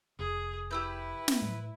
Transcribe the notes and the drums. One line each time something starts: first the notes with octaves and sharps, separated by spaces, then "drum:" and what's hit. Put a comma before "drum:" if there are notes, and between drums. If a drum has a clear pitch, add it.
F1 G#4
E4 G4 B4 E6 G6
drum: snare
A2